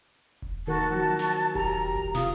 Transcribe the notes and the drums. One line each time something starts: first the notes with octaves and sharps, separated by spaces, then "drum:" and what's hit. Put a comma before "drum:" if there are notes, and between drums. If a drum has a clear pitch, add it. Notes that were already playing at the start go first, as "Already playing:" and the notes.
drum: kick E1
D#3 F#4 A#4 A5
F3 F#3 F#4
drum: snare
G4 A#5, drum: kick E1
drum: kick E1
C3 F4 F5 D#6, drum: snare